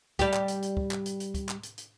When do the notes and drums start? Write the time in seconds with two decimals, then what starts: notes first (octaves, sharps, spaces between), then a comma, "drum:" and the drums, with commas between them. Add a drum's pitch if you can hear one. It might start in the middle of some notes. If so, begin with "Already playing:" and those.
0.19 G3 G4, drum: kick, hi-hat
0.34 drum: clap
0.48 drum: hi-hat
0.62 drum: hi-hat
0.77 drum: kick
0.91 drum: clap
1.06 drum: hi-hat
1.20 drum: hi-hat
1.34 drum: kick, hi-hat
1.49 drum: clap
1.63 drum: hi-hat
1.78 drum: hi-hat